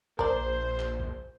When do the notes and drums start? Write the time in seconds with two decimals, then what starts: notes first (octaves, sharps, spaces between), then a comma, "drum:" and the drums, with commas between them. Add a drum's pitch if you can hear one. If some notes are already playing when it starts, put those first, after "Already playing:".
0.19 A#1 A#4 C5 D5, drum: kick A#1
0.79 drum: clap
1.00 drum: kick A#1